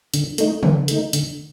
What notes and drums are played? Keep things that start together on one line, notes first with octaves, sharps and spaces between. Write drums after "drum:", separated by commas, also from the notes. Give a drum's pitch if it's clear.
D3, drum: hi-hat
A3 D#4, drum: hi-hat
D3, drum: tom
A3 D#4, drum: hi-hat
D3, drum: hi-hat